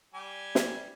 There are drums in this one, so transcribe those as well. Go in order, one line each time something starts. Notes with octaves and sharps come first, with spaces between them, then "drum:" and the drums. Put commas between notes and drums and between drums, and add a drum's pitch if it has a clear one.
G3 G4 G#5
drum: snare